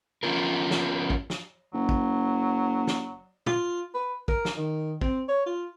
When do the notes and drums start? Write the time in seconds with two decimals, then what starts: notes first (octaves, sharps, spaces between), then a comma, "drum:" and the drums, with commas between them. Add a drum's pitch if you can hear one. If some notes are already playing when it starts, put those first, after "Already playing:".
0.23 F3 B3 C#4 F4 A#4
0.71 drum: snare
1.10 drum: kick
1.30 drum: snare
1.73 F#1 F#3
1.89 drum: kick
2.87 drum: snare
3.46 F4, drum: tom
3.94 B4
4.28 A#4, drum: kick
4.45 drum: snare
4.58 D#3
5.01 C4, drum: kick
5.29 C#5
5.46 F4